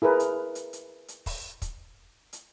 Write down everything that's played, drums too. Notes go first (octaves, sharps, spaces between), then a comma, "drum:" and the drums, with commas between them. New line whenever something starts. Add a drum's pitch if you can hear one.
E4 G#4 A#4 B4
drum: hi-hat
drum: hi-hat
drum: hi-hat
drum: hi-hat
drum: kick, open hi-hat
drum: kick, hi-hat
drum: hi-hat